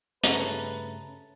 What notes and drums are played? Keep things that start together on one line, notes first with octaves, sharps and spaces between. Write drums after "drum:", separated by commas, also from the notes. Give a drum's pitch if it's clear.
G2 C#3 A3 C#4 B4 A5 A#5 A6, drum: hi-hat